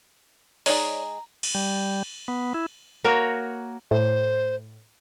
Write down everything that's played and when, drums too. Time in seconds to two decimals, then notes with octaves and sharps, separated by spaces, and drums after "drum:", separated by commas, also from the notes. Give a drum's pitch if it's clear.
0.66 G#3 D#4 G#4 C#5 D5 A#5, drum: open hi-hat
1.43 drum: cymbal
1.55 G3
2.28 B3
2.54 E4
3.04 A#3 F#4 A#4 C#5
3.91 A2 C5